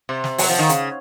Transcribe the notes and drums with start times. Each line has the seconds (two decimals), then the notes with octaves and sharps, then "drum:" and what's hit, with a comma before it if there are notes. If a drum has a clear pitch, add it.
0.09 C3
0.24 drum: snare
0.38 F#3, drum: open hi-hat
0.49 F3
0.59 D#3
0.69 C#3, drum: hi-hat